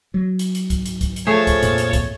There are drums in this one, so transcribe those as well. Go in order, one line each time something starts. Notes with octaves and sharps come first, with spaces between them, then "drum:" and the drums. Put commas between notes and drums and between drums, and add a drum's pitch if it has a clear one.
F#3
drum: hi-hat
drum: hi-hat
drum: kick C2, hi-hat
drum: hi-hat
drum: kick C2, hi-hat
drum: hi-hat
F3 A3 G#4 C#5 A5
drum: kick C2, hi-hat
F2 A#2, drum: hi-hat
drum: hi-hat
drum: kick C2, hi-hat